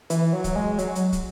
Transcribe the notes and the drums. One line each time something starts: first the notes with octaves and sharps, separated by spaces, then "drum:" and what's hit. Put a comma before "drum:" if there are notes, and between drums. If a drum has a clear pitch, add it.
E3, drum: hi-hat
F#3
drum: kick, hi-hat
G#3
F#3, drum: hi-hat
drum: hi-hat
drum: kick, hi-hat